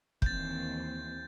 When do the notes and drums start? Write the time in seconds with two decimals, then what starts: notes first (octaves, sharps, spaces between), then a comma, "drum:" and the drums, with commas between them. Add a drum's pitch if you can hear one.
0.22 D#2 E3 C4 G6 A6, drum: kick